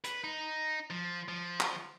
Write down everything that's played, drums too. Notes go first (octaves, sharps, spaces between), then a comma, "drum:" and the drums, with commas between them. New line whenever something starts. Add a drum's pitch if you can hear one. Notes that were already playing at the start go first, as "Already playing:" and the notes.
B4, drum: hi-hat
D#4
F3
F3
drum: clap